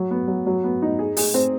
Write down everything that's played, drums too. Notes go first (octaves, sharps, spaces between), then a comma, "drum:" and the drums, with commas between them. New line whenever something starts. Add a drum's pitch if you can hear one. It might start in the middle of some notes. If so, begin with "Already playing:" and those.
Already playing: F#3
B3
F#3
F#3
B3
D#4
G#4
G#4, drum: open hi-hat
C4